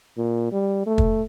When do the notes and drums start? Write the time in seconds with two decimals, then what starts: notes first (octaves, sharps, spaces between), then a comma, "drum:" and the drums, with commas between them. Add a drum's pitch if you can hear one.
0.17 A#2
0.52 G3
0.87 A3
0.98 drum: kick